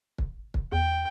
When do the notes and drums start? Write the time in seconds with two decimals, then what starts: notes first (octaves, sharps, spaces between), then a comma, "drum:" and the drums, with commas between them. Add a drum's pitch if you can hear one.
0.18 drum: kick
0.54 drum: kick
0.72 E2 G5